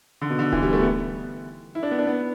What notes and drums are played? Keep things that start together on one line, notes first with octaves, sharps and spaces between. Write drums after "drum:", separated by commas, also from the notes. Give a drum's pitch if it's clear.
D3
B2
D3
E3, drum: kick D1
G3
A3
B3
E4
D4
B3
D4
B3